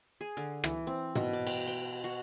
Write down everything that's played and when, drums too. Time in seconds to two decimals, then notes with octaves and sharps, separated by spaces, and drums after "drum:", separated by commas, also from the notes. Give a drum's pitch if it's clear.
0.21 G#4
0.37 D3
0.64 E3, drum: rim click
0.87 C4
1.15 B2, drum: tom
1.33 D5
1.47 G5, drum: cymbal
1.67 G5
2.04 F#4